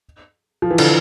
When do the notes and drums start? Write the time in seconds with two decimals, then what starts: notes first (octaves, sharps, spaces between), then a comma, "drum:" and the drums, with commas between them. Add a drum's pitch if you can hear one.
0.62 F3
0.70 E3
0.78 D3, drum: cymbal